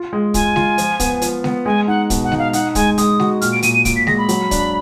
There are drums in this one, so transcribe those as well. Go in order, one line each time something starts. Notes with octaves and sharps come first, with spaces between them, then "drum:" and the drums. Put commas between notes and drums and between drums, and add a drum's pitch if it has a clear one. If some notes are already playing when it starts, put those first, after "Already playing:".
Already playing: F4
G#3
F4 G#5, drum: kick, hi-hat
F4, drum: snare G#3
F3, drum: hi-hat
B3, drum: kick, hi-hat
F3, drum: hi-hat
B3, drum: snare G#3
G#3 G#5
D#4 F#5
B2, drum: kick, hi-hat
F#5
D#4, drum: snare G#3
F5
D#4 F#5, drum: hi-hat
G#3 G#5, drum: kick, hi-hat
G#3 D#6, drum: hi-hat
F#4, drum: snare G#3
A#2 F6, drum: hi-hat
D7
A#2 D#7, drum: hi-hat
D#7
A#2 D7, drum: kick, hi-hat
B6
G#3 A#6, drum: snare G#3
B5
F#3, drum: hi-hat
D4, drum: kick, hi-hat